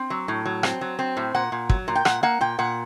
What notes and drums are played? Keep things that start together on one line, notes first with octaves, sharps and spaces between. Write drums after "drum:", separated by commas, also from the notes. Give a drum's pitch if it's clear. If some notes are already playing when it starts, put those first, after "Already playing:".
Already playing: C4
F#3
A2
F#3
C4, drum: rim click
F#3
C4
A2
A#2 F#5
A#2
F#3, drum: kick
A#2
G5
A#2 F#5, drum: rim click
A#3 F#5
A#2 G5
A#2 F#5